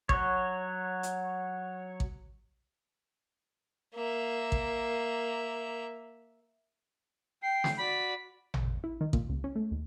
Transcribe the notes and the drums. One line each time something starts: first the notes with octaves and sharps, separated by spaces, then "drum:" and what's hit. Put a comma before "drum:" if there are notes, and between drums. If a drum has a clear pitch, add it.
F#3 C#5, drum: kick A1
drum: hi-hat
drum: kick A1
A#3 E5
drum: kick A1
G5 C7
drum: snare
F#4 D5 B5
drum: tom A1
E4
D#3
A#2, drum: kick A1
C#2
C#4
A3
D#2